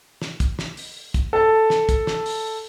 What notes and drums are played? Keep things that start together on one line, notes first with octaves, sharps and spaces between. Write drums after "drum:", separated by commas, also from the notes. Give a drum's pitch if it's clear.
drum: snare
drum: kick, hi-hat
drum: snare
drum: open hi-hat
drum: kick, hi-hat
A4 A5
drum: snare
drum: kick, hi-hat
drum: snare
drum: open hi-hat